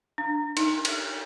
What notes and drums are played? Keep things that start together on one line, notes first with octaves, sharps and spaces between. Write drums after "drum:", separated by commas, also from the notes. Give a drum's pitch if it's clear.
D4
D#4, drum: cymbal
drum: cymbal